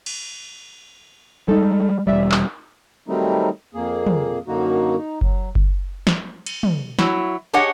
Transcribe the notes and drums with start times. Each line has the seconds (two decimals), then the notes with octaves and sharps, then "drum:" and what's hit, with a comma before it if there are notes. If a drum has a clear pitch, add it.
0.06 drum: cymbal
1.48 G3 G#3 D#4 A4
2.07 E1 B1 G3 D5 E5
2.32 drum: clap
3.08 D#3 F#3 G3 A3 C4 D#4
3.74 F2 A#3 G#4
4.06 drum: tom
4.47 F#2 D3 A#3 D#4 F#4
4.97 D#4
5.21 F#3, drum: kick F#1
5.55 drum: kick F#1
6.07 drum: snare
6.46 drum: cymbal
6.63 drum: tom
6.99 F#3 E4, drum: snare
7.53 D4 G4 G#4 C#5 D#5 F#5